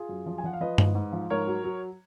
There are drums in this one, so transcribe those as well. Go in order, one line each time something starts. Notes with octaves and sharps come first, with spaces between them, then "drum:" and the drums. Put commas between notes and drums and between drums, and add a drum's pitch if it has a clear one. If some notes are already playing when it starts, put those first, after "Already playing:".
Already playing: F4 G#4
F#2
F3
G#5
F3 F#5
F5
F3 B4 D#5
G#2, drum: tom G2
G#2
F3
G#2 A#4 C#5
F#3
F#3